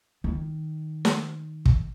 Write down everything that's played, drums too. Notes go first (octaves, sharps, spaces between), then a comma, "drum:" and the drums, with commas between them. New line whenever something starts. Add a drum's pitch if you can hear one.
D#3
drum: snare
drum: kick